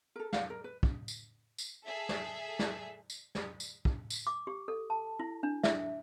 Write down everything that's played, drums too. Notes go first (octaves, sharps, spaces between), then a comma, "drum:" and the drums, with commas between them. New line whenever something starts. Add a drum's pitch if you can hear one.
A4 A#4
F5 F#5, drum: snare
A#4
B4
drum: kick
drum: tambourine
drum: tambourine
G#4 A4 E5
drum: snare
drum: snare
drum: tambourine
drum: snare
drum: tambourine
drum: kick
drum: tambourine
D6
G4
A4
A5
E4
D4
E5, drum: snare